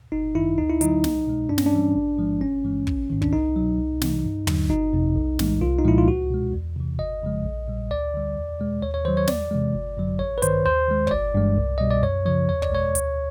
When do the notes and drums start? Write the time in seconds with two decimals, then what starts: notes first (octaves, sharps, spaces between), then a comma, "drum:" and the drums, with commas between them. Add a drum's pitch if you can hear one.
0.12 G1 D#4
0.35 F#2 D#3 E4
0.58 D2 D#4
0.70 E4
0.81 D3 F#3 D#4, drum: hi-hat
1.04 C2, drum: snare
1.27 B2 G#3
1.49 G2 D4
1.58 C#4, drum: snare
1.66 D4
1.73 E3 G3
1.96 A1
2.18 G#2 F3 G#3
2.41 G1 C#4
2.64 G2 E3 G#3
2.87 A1, drum: kick
3.10 G#2 D#3
3.22 D4, drum: kick
3.33 C2 D#4
3.56 B2 F#3
3.78 C2
4.02 C3 E3, drum: snare
4.24 G2
4.47 D3 F#3, drum: tom
4.70 G1 D#4
4.93 F2 C3
5.16 B1
5.39 A2 E3 G#3, drum: snare
5.61 C2 F4
5.79 D#4
5.85 A#2 F3 G#3 E4
5.98 F4
6.07 C#2 F#4
6.30 B2 G#3
6.53 E2
6.76 C3 E3
6.99 G1 D#5
7.22 F2 C#3 F3 G#3
7.45 A#1
7.68 A#2 G3
7.91 D2 D5
8.14 D3 G3
8.37 E2
8.59 B2 G#3
8.82 D#2 C#5
8.94 C#5
9.05 D#3 F#3 C5
9.17 C#5
9.27 E2 D5, drum: snare
9.51 C3 E3 G#3
9.74 G1
9.97 F#2 D3 F#3
10.19 A1 C#5
10.38 B4
10.42 G2 D#3 C5, drum: hi-hat
10.65 D#2 C5
10.88 D#3 G#3
11.07 C#5, drum: kick
11.11 G1 D5
11.34 G2 E3 G#3
11.57 C2
11.78 B2 G3 D#5
11.91 D5
12.03 F#2 C#5
12.26 C#3 F3 C#5
12.49 E2 C#5
12.62 D5, drum: kick
12.72 B2 G#3 C#5
12.95 D2, drum: hi-hat